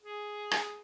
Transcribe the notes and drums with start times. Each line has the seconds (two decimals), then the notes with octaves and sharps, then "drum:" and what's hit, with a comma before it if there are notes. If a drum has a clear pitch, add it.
0.02 G#4
0.51 drum: rim click